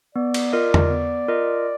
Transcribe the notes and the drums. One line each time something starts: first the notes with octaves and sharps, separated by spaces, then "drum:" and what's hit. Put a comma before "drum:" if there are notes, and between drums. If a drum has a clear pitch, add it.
B3 D5
drum: cymbal
F4 A#4 D#5
drum: tom E2
B3
F4 A#4 D#5